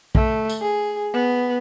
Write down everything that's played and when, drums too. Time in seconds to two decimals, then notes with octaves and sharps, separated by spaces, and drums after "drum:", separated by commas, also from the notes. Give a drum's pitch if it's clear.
0.15 A3, drum: kick
0.50 drum: tambourine
0.61 G#4
1.13 B3